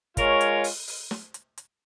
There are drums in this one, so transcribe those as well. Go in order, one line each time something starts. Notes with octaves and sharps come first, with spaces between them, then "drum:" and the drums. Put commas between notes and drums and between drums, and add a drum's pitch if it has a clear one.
G#3 F4 A#4 C#5, drum: kick, hi-hat
drum: hi-hat
drum: open hi-hat
drum: open hi-hat
drum: snare
drum: hi-hat
drum: hi-hat